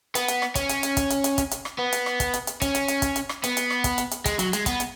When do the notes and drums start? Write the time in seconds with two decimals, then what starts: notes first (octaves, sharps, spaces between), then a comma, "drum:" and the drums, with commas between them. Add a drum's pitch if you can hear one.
0.15 B3, drum: hi-hat
0.28 drum: hi-hat
0.42 drum: rim click
0.55 C#4, drum: kick, hi-hat
0.69 drum: hi-hat
0.83 drum: hi-hat
0.97 drum: kick, hi-hat
1.10 drum: hi-hat
1.24 drum: hi-hat
1.38 drum: kick, hi-hat
1.51 drum: hi-hat
1.65 drum: rim click
1.79 B3
1.92 drum: hi-hat
2.06 drum: rim click
2.20 drum: kick, hi-hat
2.34 drum: hi-hat
2.47 drum: hi-hat
2.62 C#4, drum: kick, hi-hat
2.75 drum: hi-hat
2.88 drum: hi-hat
3.02 drum: kick, hi-hat
3.16 drum: hi-hat
3.29 drum: rim click
3.44 B3, drum: hi-hat
3.57 drum: hi-hat
3.70 drum: rim click
3.84 drum: kick, hi-hat
3.98 drum: hi-hat
4.11 drum: hi-hat
4.25 G#3, drum: kick, hi-hat
4.39 F#3, drum: hi-hat
4.53 G#3, drum: hi-hat
4.66 B3, drum: kick, hi-hat
4.80 drum: hi-hat